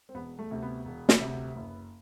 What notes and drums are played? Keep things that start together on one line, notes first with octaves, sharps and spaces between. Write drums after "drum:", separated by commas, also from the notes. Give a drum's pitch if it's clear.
C4
E1 B3
A3
D2 C3
B3
E1
drum: snare
D2 C3
F#1